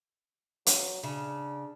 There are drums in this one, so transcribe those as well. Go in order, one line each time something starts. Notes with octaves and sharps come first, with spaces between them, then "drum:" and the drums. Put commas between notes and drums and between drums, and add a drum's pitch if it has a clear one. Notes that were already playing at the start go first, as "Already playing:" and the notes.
F#3, drum: hi-hat
C#3 D4